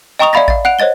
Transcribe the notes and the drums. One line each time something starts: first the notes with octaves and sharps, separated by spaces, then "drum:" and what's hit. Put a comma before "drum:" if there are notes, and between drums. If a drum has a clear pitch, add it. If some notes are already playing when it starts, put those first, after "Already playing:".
D#5 G5 A#5 C#6 D#6 F7
D5 E5 F5 B5 A6 A#6
F5 A6, drum: kick A1
F#5 F#6 D7 F7
C5 C#5 D#5 A6 G7